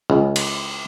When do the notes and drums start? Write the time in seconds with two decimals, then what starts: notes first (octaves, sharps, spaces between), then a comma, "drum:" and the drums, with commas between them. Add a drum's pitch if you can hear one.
0.10 C#2
0.36 drum: cymbal